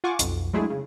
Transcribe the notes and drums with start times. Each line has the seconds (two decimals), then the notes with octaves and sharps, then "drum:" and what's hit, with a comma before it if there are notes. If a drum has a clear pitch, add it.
0.04 F4 F#5 G#5 C#6 D6
0.19 B1 F2, drum: hi-hat
0.53 F#3 G#3 A3 D4 E4 G#4
0.70 C#3